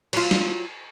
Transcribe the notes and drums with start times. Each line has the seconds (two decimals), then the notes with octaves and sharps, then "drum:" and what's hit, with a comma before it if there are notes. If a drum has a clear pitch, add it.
0.13 F#3 F4, drum: cymbal
0.31 drum: snare